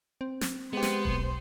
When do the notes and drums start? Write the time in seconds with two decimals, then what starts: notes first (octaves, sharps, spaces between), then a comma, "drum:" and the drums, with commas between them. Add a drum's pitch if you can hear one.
0.21 C4
0.41 drum: snare
0.73 G#3 B3 G4 C5
0.83 drum: snare
1.05 B1, drum: kick D#1